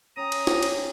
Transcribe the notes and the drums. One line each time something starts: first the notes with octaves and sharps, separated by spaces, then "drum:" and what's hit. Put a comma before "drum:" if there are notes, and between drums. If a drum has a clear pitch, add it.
C#4 C#5 G5 A#5 D#6
drum: cymbal
drum: snare
drum: cymbal